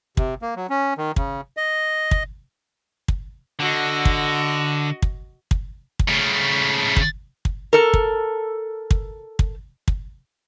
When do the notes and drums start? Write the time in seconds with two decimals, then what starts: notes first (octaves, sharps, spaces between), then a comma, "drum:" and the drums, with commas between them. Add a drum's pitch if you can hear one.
0.17 C3, drum: kick
0.42 A#3
0.56 F#3
0.70 C#4
0.98 D#3
1.16 C#3, drum: kick
1.57 D#5
2.11 drum: kick
3.08 drum: kick
3.60 D3 F#4 D#5
4.05 drum: kick
5.02 drum: kick
5.51 drum: kick
5.99 drum: kick
6.09 C#3 A3
6.96 drum: kick
7.45 drum: kick
7.73 A4 A#4
7.94 drum: kick
8.91 drum: kick
9.39 drum: kick
9.88 drum: kick